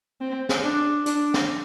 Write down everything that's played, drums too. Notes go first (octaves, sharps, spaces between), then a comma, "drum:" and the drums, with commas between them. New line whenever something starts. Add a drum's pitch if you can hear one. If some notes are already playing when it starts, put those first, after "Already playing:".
C4
drum: snare
D4
D4, drum: hi-hat
drum: snare